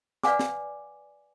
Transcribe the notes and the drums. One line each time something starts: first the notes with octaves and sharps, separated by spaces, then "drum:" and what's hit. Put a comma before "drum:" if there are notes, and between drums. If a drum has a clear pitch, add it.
B4 D5 F5 F#5 G#5 D6, drum: snare
drum: snare